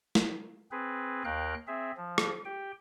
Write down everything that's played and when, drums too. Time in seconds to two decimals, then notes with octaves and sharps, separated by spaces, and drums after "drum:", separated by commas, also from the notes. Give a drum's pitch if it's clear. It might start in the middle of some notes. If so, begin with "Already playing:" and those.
0.15 drum: snare
0.71 C4 G#4 B4
1.25 D#2 A#4 F5 G5 F#6
1.67 C4 G#4 E5
1.97 F3
2.18 drum: rim click
2.45 G4 G5